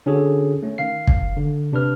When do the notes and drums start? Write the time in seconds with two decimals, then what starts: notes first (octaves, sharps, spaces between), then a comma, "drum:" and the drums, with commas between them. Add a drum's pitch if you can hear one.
0.06 D3 C#4 D4 F#4 G#4 A4
0.63 A3 C#4
0.78 D#3 F5 C7
1.07 drum: kick
1.37 D3
1.72 C3 D4 B4 F6